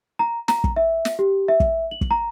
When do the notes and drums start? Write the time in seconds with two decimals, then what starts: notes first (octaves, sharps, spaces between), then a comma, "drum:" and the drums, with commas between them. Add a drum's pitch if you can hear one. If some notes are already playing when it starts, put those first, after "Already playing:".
0.19 A#5
0.48 A#5, drum: snare
0.64 drum: kick
0.76 E5
1.05 drum: snare
1.19 G4
1.48 E5
1.60 drum: kick
1.91 F#7
2.01 drum: kick
2.11 A#5